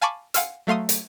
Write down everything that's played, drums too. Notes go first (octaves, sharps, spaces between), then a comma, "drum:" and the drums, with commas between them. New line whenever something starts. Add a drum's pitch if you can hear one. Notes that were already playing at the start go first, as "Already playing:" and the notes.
F5 G#5 A5 B5 C#6 D6
F5 F#5 G#5 C6 E6 F6, drum: hi-hat
F#3 A3 F5 C6 D#6
drum: hi-hat